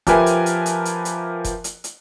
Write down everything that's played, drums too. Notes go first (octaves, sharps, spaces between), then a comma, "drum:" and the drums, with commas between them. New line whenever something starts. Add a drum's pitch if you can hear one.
F3 G4 A#4 B4 E5 G#5, drum: kick F1, hi-hat
drum: hi-hat
drum: hi-hat
drum: hi-hat
drum: hi-hat
drum: hi-hat
drum: kick F1, hi-hat
drum: hi-hat
drum: hi-hat